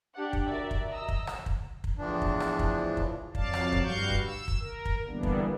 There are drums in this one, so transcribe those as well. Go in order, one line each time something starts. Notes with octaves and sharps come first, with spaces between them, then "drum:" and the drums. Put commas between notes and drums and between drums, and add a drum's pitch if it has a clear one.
D4 G4 D5 F#5
drum: kick
F#4 A#4 D5 E5
drum: kick
D#5 A#5 E6
drum: kick
drum: rim click
drum: kick
drum: kick
E2 A2 E3 F3 D4
drum: kick
drum: rim click
drum: kick
drum: kick
F2 F#3 D5 F5 A5, drum: kick
drum: rim click
drum: kick
G2 G3 F#4 F5 C#6 G6
drum: kick
E6
drum: kick
A#4
drum: kick
D3 E3 G3 A#3 B3 D4
drum: kick